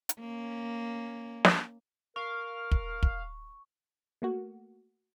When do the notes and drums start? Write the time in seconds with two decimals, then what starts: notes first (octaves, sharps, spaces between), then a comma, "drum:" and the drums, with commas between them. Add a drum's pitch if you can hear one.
0.09 drum: hi-hat
0.20 A#3 C#4
1.45 drum: snare
2.16 A#4 F5 C#6
2.71 drum: kick
3.03 drum: kick
4.22 A3 A#3 F#4